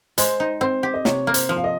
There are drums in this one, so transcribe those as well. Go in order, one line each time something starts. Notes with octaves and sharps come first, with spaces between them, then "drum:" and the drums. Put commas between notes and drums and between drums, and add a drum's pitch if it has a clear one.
G#3 C5, drum: hi-hat
D#4
C4 C5
G4
D#5
C3 C#5, drum: snare
A#3
C5, drum: hi-hat
F3
F5
D#5